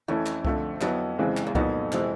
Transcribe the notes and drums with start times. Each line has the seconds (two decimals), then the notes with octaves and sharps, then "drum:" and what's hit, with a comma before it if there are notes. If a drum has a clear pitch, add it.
0.08 F2 E3 A3 C#4 E4
0.26 drum: clap
0.45 D3 F3 A3 C4, drum: kick C2
0.81 F2 F#3 B3 E4, drum: clap
1.18 C#3 E3 G#3 C4
1.37 drum: clap
1.47 E2
1.55 F2 A#2 F#3 B3 D#4, drum: kick C2
1.92 C3 E3 G#3 C4 E4, drum: clap